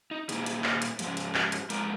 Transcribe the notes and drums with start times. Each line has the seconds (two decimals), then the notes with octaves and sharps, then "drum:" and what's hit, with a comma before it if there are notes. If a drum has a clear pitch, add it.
0.11 D#4
0.29 A#2 A#3 D#4 G#4, drum: hi-hat
0.46 drum: hi-hat
0.64 drum: clap
0.82 drum: hi-hat
0.99 G#2 F3 G#3, drum: hi-hat
1.17 drum: hi-hat
1.35 drum: clap
1.52 drum: hi-hat
1.70 F3 G#3 A#4, drum: hi-hat